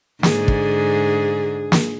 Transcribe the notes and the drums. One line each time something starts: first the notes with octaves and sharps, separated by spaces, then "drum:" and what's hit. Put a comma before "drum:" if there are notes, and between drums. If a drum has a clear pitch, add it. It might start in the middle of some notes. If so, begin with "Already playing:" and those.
G#2 D3 D4 G#4, drum: snare
drum: kick
drum: snare